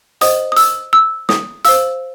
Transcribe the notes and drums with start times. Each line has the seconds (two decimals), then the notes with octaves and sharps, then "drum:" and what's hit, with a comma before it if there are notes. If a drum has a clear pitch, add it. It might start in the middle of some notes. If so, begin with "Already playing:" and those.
0.21 C5 D#5 F#5 D#6, drum: hi-hat
0.52 D#6
0.57 E6, drum: hi-hat
0.93 E6
1.29 D#6, drum: snare
1.65 C5 F5 E6, drum: hi-hat